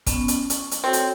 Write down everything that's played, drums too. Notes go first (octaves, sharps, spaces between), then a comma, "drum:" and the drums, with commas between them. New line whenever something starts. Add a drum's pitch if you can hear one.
B3 C#4, drum: kick, hi-hat
drum: hi-hat
C#6, drum: hi-hat
drum: hi-hat
C4 F#4 A4 C#5
drum: hi-hat